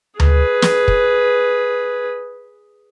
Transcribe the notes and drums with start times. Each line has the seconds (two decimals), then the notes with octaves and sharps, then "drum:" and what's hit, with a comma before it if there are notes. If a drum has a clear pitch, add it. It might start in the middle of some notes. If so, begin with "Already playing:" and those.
0.20 G#4 B4, drum: tom D2
0.62 drum: snare
0.88 drum: kick